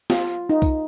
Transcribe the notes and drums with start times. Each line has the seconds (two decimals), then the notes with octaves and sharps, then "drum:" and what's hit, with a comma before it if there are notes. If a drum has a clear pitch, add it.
0.10 F4, drum: snare
0.27 drum: tambourine
0.49 D#4
0.62 drum: kick C2, tambourine